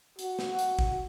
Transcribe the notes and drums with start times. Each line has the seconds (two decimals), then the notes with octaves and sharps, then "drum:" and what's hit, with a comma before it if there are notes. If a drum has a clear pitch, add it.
0.19 F#4, drum: hi-hat
0.39 drum: snare
0.59 drum: hi-hat
0.79 drum: kick A1